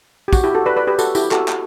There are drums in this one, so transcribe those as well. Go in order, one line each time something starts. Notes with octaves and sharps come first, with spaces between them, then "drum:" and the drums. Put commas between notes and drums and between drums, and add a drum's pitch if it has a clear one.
G4
F#4, drum: kick, tambourine
E4 G4
F#4 A4
B4 D5
B4 D5
G4 B4
F#4 A4, drum: tambourine
E4 G4, drum: tambourine
F#4 A4, drum: clap
drum: clap